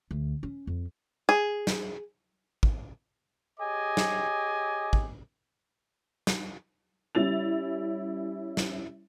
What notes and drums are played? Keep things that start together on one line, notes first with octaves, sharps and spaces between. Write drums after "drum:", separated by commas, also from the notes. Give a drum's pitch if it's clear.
D2
C#4
F2
G#4
drum: snare
drum: kick
G4 G#4 C#5 D#5 G#5 D6
drum: snare
drum: kick
drum: snare
G3 C#4 E4 A6 F7
drum: snare